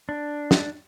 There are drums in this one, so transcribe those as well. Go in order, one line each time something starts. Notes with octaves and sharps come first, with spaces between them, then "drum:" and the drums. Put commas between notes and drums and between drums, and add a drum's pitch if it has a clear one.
D4
drum: snare